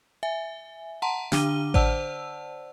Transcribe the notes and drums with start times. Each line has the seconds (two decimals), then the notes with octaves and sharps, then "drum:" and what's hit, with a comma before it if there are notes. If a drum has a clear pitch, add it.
0.23 E5 G#5
1.02 F#5 A5 A#5 C6
1.32 D3 D4 D6 D#7 G7, drum: snare
1.74 C5 D5 F#5 A5 E6, drum: kick A1